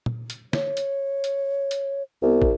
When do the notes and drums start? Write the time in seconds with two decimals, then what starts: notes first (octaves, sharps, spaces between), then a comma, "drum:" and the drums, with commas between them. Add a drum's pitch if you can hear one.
0.06 drum: tom A#2
0.30 drum: hi-hat
0.53 C#5, drum: snare
0.77 drum: hi-hat
1.24 drum: hi-hat
1.71 drum: hi-hat
2.23 C2 B3
2.42 drum: kick